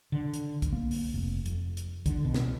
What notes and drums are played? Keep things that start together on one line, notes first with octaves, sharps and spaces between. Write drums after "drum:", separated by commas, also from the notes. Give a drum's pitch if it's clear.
D3
drum: hi-hat
drum: kick, hi-hat
A#3
drum: open hi-hat
F1
F2, drum: hi-hat
drum: hi-hat
D3, drum: kick, hi-hat
B2
drum: snare